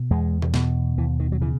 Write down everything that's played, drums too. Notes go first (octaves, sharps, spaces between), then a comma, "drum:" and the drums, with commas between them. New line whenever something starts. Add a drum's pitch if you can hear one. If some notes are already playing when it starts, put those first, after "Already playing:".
Already playing: B2
E2 G#3
drum: tom B2
B2, drum: snare
D#2 E3
D#3
F#3
C#3 E3